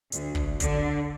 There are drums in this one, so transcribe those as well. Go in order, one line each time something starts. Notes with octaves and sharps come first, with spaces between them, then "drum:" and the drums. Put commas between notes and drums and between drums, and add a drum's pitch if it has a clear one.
D2, drum: hi-hat
drum: kick
D3, drum: kick, hi-hat